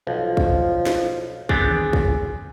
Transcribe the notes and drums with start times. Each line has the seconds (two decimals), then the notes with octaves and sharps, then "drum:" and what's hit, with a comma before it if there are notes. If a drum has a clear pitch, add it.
0.07 B1 F3
0.37 drum: kick
0.86 drum: snare
1.49 B3 C4 D4 G#4, drum: kick
1.71 drum: tom D3
1.93 drum: kick